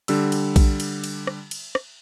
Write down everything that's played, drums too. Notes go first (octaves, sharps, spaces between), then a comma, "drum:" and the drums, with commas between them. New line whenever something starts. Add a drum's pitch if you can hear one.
D3 G3 E6, drum: cymbal
drum: cymbal
drum: kick A#1, cymbal
drum: cymbal
drum: cymbal
drum: rim click
drum: cymbal
drum: rim click